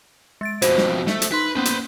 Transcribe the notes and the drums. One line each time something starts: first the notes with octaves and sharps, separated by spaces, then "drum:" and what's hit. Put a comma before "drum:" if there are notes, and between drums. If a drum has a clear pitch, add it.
G#3 A6 D7
F2 B2 F#4 C5, drum: hi-hat
drum: snare
A3, drum: snare
drum: hi-hat
D#4 B4 C6
A#3 B3 C#4 B4 C5
drum: hi-hat